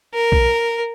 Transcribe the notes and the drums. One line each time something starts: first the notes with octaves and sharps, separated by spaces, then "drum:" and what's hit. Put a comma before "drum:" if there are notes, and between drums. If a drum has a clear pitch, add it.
A#4
drum: kick B1